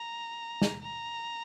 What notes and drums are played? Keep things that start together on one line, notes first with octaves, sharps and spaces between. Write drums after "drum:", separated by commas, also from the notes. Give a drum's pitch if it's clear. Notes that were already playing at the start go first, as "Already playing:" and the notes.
Already playing: A#5
drum: snare
A#5